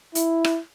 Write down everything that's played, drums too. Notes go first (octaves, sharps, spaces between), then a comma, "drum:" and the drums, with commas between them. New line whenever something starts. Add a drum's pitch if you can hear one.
E4, drum: hi-hat
drum: rim click